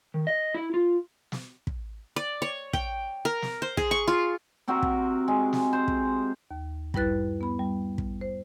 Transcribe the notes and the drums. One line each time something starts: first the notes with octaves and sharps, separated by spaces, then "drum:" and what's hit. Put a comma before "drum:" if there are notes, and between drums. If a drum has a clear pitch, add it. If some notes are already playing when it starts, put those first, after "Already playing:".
D#3
D#5
E4
F4
drum: snare
drum: kick
D5
C#5
G5, drum: kick
A#4
drum: snare
C5
G#4, drum: kick
C#6
F4
C3 C4 F#4 A#4
drum: kick
G#3
drum: snare
C5
drum: kick
D#2
G2 G3 E4 B4 F#6 A6, drum: kick
B3 B5
G3
drum: kick
C5